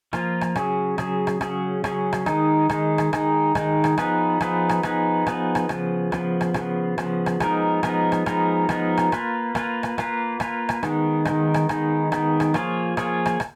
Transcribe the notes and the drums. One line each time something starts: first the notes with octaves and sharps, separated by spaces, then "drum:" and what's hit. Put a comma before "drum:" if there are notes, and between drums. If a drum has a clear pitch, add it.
F3 A#3 F4, drum: rim click
drum: rim click
C#3 F#3 C#4 G#4, drum: rim click
C#3 F#3 C#4 G#4, drum: rim click
drum: rim click
C#3 F#3 C#4 G#4, drum: rim click
C#3 F#3 C#4 G#4, drum: rim click
drum: rim click
D#3 G#3 D#4, drum: rim click
D#3 G#3 D#4, drum: rim click
drum: rim click
D#3 G#3 D#4, drum: rim click
D#3 G#3 D#4, drum: rim click
drum: rim click
F3 B3 D#4 G#4 B4, drum: rim click
F3 B3 D#4 G#4 B4, drum: rim click
drum: rim click
F3 B3 D#4 G#4 B4, drum: rim click
F3 B3 D#4 G#4 B4, drum: rim click
drum: rim click
C#3 F3 B3, drum: rim click
C#3 F3 B3, drum: rim click
drum: rim click
C#3 F3 B3, drum: rim click
C#3 F3 B3, drum: rim click
drum: rim click
F3 G#3 B3 D#4 A#4, drum: rim click
F3 G#3 B3 D#4 A#4, drum: rim click
drum: rim click
F3 G#3 B3 D#4 A#4, drum: rim click
F3 G#3 B3 D#4 A#4, drum: rim click
drum: rim click
A#3 F4 B4, drum: rim click
A#3 F4 B4, drum: rim click
drum: rim click
A#3 F4 B4, drum: rim click
A#3 F4 B4, drum: rim click
drum: rim click
D#3 G#3 B3 D#4, drum: rim click
D#3 G#3 B3 D#4, drum: rim click
drum: rim click
D#3 G#3 B3 D#4, drum: rim click
D#3 G#3 B3 D#4, drum: rim click
drum: rim click
F3 A#3 F4 G#4 C#5, drum: rim click
F3 A#3 F4 G#4 C#5, drum: rim click
drum: rim click
drum: rim click